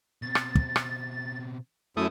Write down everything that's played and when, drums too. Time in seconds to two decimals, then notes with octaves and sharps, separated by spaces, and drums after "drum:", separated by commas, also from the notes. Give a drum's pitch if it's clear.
0.22 B2 C4 A6
0.35 drum: rim click
0.55 drum: kick
0.76 drum: rim click
1.97 F#2 A3 E4 D#6